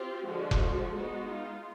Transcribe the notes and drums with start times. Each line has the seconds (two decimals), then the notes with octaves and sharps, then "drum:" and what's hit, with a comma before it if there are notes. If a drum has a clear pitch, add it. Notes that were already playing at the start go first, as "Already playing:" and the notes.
Already playing: C4 F4 G4
0.25 D3 F3 G#3 F#4
0.51 drum: kick F1
0.95 G#3 B3 D#4 F#4
1.30 F4